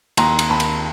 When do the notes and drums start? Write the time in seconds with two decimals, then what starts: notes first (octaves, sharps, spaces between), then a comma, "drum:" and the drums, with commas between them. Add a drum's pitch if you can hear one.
0.17 D#2 A#5 C6, drum: cymbal
0.39 drum: cymbal
0.49 D#2 A5 B5
0.60 drum: cymbal